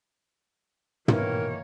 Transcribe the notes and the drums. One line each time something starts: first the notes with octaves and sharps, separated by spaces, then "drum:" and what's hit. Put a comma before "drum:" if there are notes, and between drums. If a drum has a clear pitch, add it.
B2 D#3 E3 A#3 A#4 C#5, drum: tom